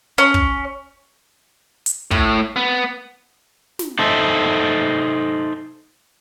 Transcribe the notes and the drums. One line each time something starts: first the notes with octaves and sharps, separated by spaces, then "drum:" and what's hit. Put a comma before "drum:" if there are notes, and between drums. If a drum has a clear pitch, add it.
C#4
drum: kick
drum: hi-hat
A2, drum: kick
B3
drum: snare
D#4 A4 C5 E5